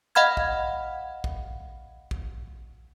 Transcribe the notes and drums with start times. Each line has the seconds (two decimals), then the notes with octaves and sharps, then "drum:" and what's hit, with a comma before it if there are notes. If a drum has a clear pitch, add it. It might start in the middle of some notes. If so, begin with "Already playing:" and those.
0.15 D#5 F5 F#5 B5 F6 G#6
0.37 drum: kick
1.24 drum: kick
2.11 drum: kick